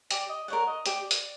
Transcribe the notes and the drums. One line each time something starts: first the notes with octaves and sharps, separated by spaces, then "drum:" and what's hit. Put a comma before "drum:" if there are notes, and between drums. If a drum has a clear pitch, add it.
G4 D5, drum: hi-hat
D#5
A#4 C#5 D5 F#5
D#5
G4 D5, drum: hi-hat
drum: hi-hat